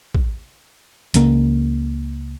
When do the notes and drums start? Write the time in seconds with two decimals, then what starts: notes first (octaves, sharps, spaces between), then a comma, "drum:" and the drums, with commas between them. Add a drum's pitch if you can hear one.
0.15 drum: kick
1.14 C#2 C#3 A#3, drum: hi-hat